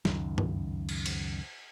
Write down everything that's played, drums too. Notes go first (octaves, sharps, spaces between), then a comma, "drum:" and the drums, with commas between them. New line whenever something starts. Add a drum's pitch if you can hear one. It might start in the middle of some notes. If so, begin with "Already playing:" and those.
C#2 F#2 D#3, drum: snare
drum: tom G2
drum: cymbal
drum: cymbal